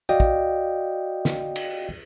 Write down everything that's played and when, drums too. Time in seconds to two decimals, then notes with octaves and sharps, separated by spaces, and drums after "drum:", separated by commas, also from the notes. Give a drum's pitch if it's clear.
0.09 F#4 D5 D#5 F5 G5
0.20 drum: kick
1.25 drum: snare
1.56 drum: cymbal